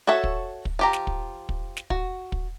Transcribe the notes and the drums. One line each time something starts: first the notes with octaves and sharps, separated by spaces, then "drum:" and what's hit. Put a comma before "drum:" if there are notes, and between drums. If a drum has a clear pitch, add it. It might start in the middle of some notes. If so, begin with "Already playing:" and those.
F#4 A4 C#5 E5
drum: kick
drum: kick
F3 G4 A#5
drum: snare
drum: kick
drum: kick
drum: snare
F#4, drum: kick
drum: kick